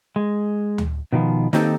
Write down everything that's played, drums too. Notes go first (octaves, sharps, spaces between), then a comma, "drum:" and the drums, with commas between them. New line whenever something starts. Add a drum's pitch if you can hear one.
G#3
drum: tom D2
B2 D#3 F3 B3
D#3 A#3 C4 D#4 G4 A4, drum: snare